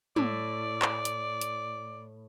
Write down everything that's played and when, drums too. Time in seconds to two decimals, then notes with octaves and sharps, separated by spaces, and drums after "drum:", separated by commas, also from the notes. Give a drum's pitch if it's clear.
0.16 A2 D5, drum: tom
0.82 drum: clap
1.05 drum: hi-hat
1.41 drum: hi-hat